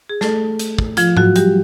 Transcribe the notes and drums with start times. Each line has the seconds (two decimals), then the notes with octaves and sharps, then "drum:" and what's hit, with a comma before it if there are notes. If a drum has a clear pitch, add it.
0.10 G#4
0.21 A3 A4, drum: snare
0.59 drum: hi-hat
0.79 drum: kick
0.97 F3 F4, drum: hi-hat
1.17 F#3 F#4, drum: tom G#2
1.36 G3 G4, drum: hi-hat